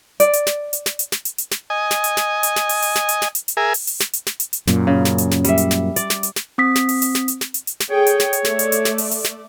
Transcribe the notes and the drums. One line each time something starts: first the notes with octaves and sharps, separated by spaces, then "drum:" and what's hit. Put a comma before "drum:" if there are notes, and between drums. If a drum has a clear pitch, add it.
D5, drum: hi-hat
drum: hi-hat
drum: snare
drum: hi-hat
drum: snare
drum: hi-hat
drum: snare
drum: hi-hat
drum: hi-hat
drum: snare
D#5 G#5
drum: snare
drum: hi-hat
drum: snare
drum: hi-hat
drum: snare
drum: open hi-hat
drum: hi-hat
drum: snare
drum: hi-hat
drum: snare
drum: hi-hat
drum: hi-hat
G#4 A#4 E5 G#5
drum: open hi-hat
drum: hi-hat
drum: snare
drum: hi-hat
drum: snare
drum: hi-hat
drum: hi-hat
F#2 A#2, drum: snare
C#3
drum: snare
drum: hi-hat
drum: snare
G3 E5, drum: hi-hat
drum: hi-hat
drum: snare
D5, drum: hi-hat
drum: snare
drum: hi-hat
drum: snare
C4 D#6 B6
drum: snare
drum: open hi-hat
drum: hi-hat
drum: snare
drum: hi-hat
drum: snare
drum: hi-hat
drum: hi-hat
drum: snare
G#4 A4 C#5 G5
drum: hi-hat
drum: snare
drum: hi-hat
A3 D5, drum: snare
drum: hi-hat
drum: hi-hat
drum: snare
drum: open hi-hat
drum: hi-hat
drum: snare